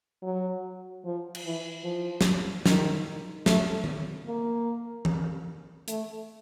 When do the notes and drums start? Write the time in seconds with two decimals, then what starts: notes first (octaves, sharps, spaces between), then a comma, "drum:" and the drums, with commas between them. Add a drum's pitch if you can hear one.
0.22 F#3
1.04 F3
1.35 drum: cymbal
1.45 E3
1.84 F3
2.21 drum: snare
2.66 D#3, drum: snare
3.46 A3, drum: snare
3.84 drum: tom D#3
4.26 A#3
5.05 drum: tom E3
5.88 A3, drum: hi-hat